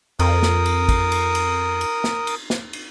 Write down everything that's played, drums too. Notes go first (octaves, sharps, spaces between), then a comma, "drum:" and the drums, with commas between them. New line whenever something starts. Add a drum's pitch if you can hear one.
F2 A#4 D#6, drum: cymbal
drum: snare
drum: cymbal
drum: kick, cymbal
drum: cymbal
drum: cymbal
drum: cymbal
drum: snare
drum: cymbal
drum: snare
drum: cymbal